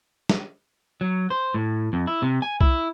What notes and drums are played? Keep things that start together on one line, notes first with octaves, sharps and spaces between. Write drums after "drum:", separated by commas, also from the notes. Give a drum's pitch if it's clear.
drum: snare
F#3
C5
A2
F2
E4
C3
G#5
E4, drum: kick B1